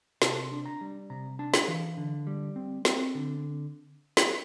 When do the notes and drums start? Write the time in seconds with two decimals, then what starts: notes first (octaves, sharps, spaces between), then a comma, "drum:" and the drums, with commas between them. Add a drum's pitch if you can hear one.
0.22 C3 A5, drum: snare
0.44 C6
0.52 D4
0.66 A#5
0.81 G3
1.10 C3 A#5
1.39 D4 A5
1.54 drum: snare
1.68 E3 F5
1.97 D3
2.27 G3
2.56 C4
2.85 C4, drum: snare
3.15 D3
4.17 drum: snare